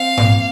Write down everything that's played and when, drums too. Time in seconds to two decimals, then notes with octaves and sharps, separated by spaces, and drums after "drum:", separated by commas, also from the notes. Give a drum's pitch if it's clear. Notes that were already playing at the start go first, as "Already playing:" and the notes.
Already playing: C4 F5
0.17 A#3, drum: tom G#2